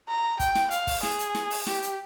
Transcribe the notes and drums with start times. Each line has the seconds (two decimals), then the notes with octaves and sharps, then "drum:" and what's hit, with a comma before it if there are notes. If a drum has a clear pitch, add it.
0.08 A#5
0.40 G5, drum: kick, hi-hat
0.55 drum: snare
0.71 F5, drum: hi-hat
0.87 drum: kick, open hi-hat
1.03 G#4, drum: snare
1.19 drum: hi-hat
1.35 drum: snare
1.50 drum: open hi-hat
1.67 G4, drum: snare
1.82 drum: hi-hat